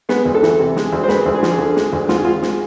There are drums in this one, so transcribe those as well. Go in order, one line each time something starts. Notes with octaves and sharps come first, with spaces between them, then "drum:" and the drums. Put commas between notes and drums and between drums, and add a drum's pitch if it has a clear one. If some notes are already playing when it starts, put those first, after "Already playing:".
G#3 B3, drum: snare
D2
A4
E3, drum: snare
C3
G#3, drum: snare
D2
C5
G#3 B4, drum: snare
D2
G#4
F3 F4, drum: snare
G#4
D3
G#3, drum: snare
D2
G#1 F4, drum: snare
G#4
G#1 F4
G#3, drum: snare